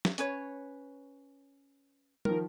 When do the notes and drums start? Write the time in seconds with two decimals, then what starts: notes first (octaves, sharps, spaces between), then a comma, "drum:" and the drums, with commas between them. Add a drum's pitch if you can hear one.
0.05 drum: snare
0.18 C#4 B4 C#5, drum: hi-hat
2.25 D#3 F3 A#4, drum: tom